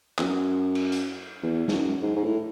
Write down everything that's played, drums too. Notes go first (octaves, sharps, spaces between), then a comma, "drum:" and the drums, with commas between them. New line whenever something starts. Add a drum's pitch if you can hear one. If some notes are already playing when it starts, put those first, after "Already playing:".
E2, drum: clap
F#2
drum: cymbal
drum: hi-hat
E2
G#2, drum: snare
F#2
G#2
G#2
A2